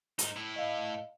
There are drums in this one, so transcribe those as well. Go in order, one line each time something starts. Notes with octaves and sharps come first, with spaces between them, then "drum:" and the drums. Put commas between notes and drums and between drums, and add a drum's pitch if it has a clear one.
G#2 D#4, drum: hi-hat
A2 E4
D#5 F5